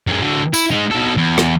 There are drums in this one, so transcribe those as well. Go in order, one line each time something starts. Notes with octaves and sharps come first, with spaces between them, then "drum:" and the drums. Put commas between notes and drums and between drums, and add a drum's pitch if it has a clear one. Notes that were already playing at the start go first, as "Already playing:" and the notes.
F#2 G#3
D3 F#3
E4, drum: tambourine
G#3 D#4
B2 A4
E2
drum: rim click